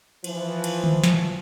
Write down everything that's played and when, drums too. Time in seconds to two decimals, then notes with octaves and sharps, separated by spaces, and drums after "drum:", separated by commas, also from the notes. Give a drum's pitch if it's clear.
0.24 E3 F3, drum: cymbal
0.64 drum: cymbal
0.84 drum: tom D3
1.04 drum: snare